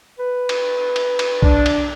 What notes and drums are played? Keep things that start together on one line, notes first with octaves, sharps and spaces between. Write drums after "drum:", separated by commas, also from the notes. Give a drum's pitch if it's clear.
B4
drum: cymbal
drum: cymbal
drum: cymbal
D4, drum: kick B1
drum: cymbal